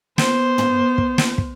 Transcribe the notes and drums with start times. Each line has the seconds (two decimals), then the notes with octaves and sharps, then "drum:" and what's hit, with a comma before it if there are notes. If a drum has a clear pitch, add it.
0.18 B3 C5, drum: snare
0.58 drum: tom
0.98 drum: kick
1.18 drum: snare
1.38 drum: kick